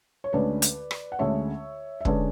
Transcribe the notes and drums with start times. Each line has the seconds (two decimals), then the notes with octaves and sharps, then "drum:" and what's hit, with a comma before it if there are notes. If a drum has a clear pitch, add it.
0.24 C#5
0.33 D2 D3 G#3 C#4 B4 D5
0.62 drum: hi-hat
0.91 drum: rim click
1.12 F#5
1.19 D2 D3 G#3 C#4 C#5 E5
2.01 E5
2.05 D3 G#3 C#4 B4 D5, drum: kick